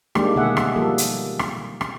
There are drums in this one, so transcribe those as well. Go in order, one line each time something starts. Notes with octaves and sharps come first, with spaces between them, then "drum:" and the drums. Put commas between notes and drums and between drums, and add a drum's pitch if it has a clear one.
D#3 G3 G#3 A#3 D4 G4, drum: rim click
B2 D3 A#3 G#4 E5 F#5
drum: rim click
F3 G3 A#3 A4
drum: hi-hat
drum: rim click
drum: rim click